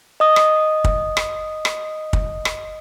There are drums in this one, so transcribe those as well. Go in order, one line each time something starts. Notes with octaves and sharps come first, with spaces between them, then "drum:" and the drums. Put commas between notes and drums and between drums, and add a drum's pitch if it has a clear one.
D#5 D#6
drum: rim click
drum: kick
drum: rim click
drum: rim click
drum: kick
drum: rim click